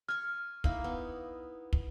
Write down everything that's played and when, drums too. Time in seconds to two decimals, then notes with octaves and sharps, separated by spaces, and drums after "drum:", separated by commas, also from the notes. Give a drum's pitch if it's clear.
0.09 G#5 C#6 F6
0.64 A#3 D#4 E4, drum: kick
0.84 B3
1.73 drum: kick